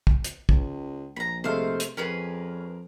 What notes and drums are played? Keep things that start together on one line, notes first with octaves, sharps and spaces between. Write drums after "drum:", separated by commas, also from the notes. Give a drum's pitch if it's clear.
drum: kick
drum: hi-hat
C#2, drum: kick
A#1 A#5 B5
C3 G#3 A3 C5 F5
drum: hi-hat
F2 C#4 G#4 A#4 B4